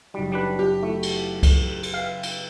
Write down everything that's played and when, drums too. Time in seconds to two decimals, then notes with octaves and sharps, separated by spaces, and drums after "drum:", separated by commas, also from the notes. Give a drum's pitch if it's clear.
0.14 F#1 G3 D#4 F#4
0.32 G3 D4 B4 C#5 A5 B5
0.59 G4
0.83 A3 E4 F#4
1.03 drum: cymbal
1.43 drum: kick C2, cymbal
1.83 drum: cymbal
1.94 B4 E5 F5 G5
2.23 drum: cymbal